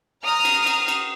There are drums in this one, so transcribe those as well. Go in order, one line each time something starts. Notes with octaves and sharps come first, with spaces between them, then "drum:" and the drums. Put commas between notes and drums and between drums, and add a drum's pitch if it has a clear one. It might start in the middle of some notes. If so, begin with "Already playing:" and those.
A#5 D#6 F6
drum: cymbal
drum: cymbal
drum: cymbal